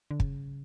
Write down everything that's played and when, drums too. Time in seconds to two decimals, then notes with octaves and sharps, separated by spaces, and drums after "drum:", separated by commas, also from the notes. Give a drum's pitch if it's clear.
0.11 D3
0.20 C#3, drum: kick